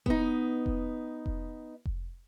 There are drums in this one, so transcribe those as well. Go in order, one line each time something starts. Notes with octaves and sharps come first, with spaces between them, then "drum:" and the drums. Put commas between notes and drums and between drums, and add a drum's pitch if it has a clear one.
B3 D#4, drum: kick F1
drum: kick F1
drum: kick F1
drum: kick F1